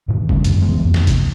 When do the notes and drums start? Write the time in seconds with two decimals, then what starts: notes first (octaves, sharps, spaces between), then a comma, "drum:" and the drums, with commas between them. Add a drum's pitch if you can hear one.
0.08 G#2 B2 D#3 E3
0.29 C#3 G3 A3 C#4, drum: kick
0.44 F#2 A#2 D#3, drum: hi-hat
0.61 D2 E3 G#3 B3
0.84 F2 A#3
0.94 drum: snare
1.07 C3, drum: kick, hi-hat